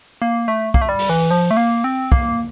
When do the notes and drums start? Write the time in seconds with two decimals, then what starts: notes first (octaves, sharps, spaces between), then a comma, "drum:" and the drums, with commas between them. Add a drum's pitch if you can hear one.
0.22 A#3
0.48 A3
0.74 A#3, drum: kick
0.81 A3
0.89 G3
0.99 drum: open hi-hat
1.09 E3
1.31 F3
1.51 A3
1.57 A#3
1.84 C4
2.12 A#3, drum: kick